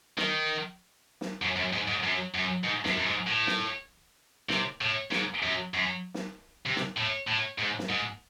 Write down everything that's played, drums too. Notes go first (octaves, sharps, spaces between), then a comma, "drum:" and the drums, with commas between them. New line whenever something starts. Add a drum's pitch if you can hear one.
D#3, drum: snare
drum: snare
F#2
F#2
G#2
G#2
F#2
F#2
G#2
F#2, drum: snare
F#2
G#2
A2
drum: snare
C3, drum: snare
A2
G#2, drum: snare
F#2
F#2
drum: snare
C3
drum: snare
A2
A2
G#2
drum: snare
G#2